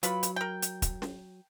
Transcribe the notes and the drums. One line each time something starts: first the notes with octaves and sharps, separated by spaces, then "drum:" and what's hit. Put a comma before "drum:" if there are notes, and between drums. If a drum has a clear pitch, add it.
F#3 F4 B4 B5, drum: hi-hat
drum: hi-hat
A#4 G5
drum: hi-hat
drum: kick, hi-hat
drum: snare